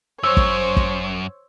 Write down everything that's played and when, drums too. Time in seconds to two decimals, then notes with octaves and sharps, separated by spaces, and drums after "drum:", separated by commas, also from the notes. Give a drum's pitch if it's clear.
0.23 F#2 C5 C#5 E6
0.37 drum: kick
0.77 drum: kick